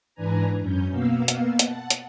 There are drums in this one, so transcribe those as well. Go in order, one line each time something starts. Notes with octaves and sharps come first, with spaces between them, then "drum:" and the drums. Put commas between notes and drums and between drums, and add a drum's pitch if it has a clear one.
G#2 E3 D4 B4 G#5 A#5
F#2 C#4 G6
B2 A#3 B3 F5 E6
drum: hi-hat
F#5 A5, drum: hi-hat
drum: hi-hat